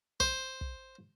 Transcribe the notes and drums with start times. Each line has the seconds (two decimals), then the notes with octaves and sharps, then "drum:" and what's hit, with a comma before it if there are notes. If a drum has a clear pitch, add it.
0.20 C5, drum: kick
0.61 drum: kick